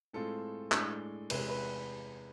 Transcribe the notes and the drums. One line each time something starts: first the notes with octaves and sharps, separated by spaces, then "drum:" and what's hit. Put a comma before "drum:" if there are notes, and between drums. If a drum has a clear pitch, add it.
A2 G#3 C4 F4 A4
A2 G#3 D4, drum: clap
E2 C3 G#3 B4, drum: cymbal
B4